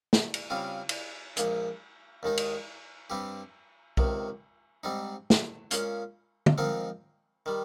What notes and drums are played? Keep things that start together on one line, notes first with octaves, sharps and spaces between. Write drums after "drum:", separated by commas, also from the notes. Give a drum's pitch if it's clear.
drum: snare
drum: cymbal
C#3 G3 C4 F4
drum: cymbal
A#1 A#2 G#3, drum: hi-hat
D#2 D#3 G#3 D#4
drum: cymbal
G2 G3 C4 G4
C#2 C3 D#3, drum: kick B1
G#2 G3 C4 D#4
drum: snare
A#2 G#3 C#4 F4, drum: hi-hat
drum: tom
G#2 F3 C4 D#4 A#4
D#3 G3